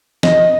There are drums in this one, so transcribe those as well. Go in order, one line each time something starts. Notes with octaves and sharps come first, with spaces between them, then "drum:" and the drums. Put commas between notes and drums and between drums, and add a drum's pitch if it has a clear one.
D#5, drum: snare